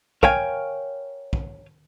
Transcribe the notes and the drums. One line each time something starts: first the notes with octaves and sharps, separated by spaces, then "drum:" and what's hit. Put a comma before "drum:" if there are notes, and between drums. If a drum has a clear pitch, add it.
A#4 C#5 F5 G5 G#5, drum: kick
drum: kick